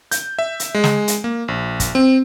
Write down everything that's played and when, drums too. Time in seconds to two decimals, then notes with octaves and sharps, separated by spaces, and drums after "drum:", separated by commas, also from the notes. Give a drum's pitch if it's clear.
0.12 G6, drum: hi-hat
0.39 E5
0.60 drum: hi-hat
0.75 G#3
0.84 drum: snare
1.08 drum: hi-hat
1.24 A#3
1.48 A#1
1.80 drum: kick, hi-hat
1.95 C4